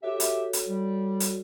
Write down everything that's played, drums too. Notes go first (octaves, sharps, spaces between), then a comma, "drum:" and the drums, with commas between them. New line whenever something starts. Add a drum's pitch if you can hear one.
F#4 G4 A4 C#5 E5
drum: hi-hat
drum: hi-hat
G3
drum: hi-hat